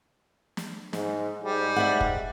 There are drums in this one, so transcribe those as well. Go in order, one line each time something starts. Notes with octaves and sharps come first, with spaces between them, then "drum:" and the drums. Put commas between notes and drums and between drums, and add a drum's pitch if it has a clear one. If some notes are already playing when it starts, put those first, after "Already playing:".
drum: snare
G#2, drum: snare
G#2 G3
D5 E5 F#5
drum: kick